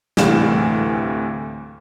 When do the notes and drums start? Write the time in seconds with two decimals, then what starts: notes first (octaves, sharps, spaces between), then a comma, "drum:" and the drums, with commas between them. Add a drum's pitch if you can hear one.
0.17 D2 A2 C3 E3 F5 E7, drum: snare